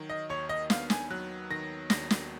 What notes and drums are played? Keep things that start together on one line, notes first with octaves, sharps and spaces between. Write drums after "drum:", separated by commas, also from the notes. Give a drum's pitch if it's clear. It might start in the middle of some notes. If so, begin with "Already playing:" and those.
Already playing: D#3 F#3
D#5
D#2 C#5
D#5
B3 F5, drum: snare
G#5, drum: snare
F#3 F#6
D#3 A#6
D#2 A#6, drum: snare
drum: snare